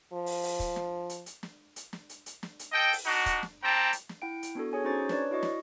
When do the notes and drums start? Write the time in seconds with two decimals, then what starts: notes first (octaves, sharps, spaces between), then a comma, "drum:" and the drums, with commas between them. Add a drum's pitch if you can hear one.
0.13 F3
0.26 drum: open hi-hat
0.43 drum: open hi-hat
0.60 drum: kick, hi-hat
0.76 drum: snare
1.10 drum: hi-hat
1.26 drum: hi-hat
1.43 drum: snare
1.76 drum: hi-hat
1.93 drum: snare
2.09 drum: hi-hat
2.26 drum: hi-hat
2.43 drum: snare
2.59 drum: hi-hat
2.72 A4 D#5 G5
2.93 drum: open hi-hat
3.06 D4 D#4 F#4
3.26 drum: kick, hi-hat
3.43 drum: snare
3.62 G3 C4 G5 A5 A#5
3.93 drum: hi-hat
4.09 drum: snare
4.22 E4 F#5 G5 D7
4.43 drum: hi-hat
4.55 B3 D4 F#4 A4
4.73 G#4 C#5 G#5
4.85 C#4 D#4 F#4 C5 C#6 A6
5.09 D4 B4 C#5 D5, drum: snare
5.31 E4 F#4 D#5 C#6
5.43 drum: snare